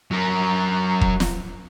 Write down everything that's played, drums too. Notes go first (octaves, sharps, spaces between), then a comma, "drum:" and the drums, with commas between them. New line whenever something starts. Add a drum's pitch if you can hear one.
F#3 A#4
drum: kick
drum: snare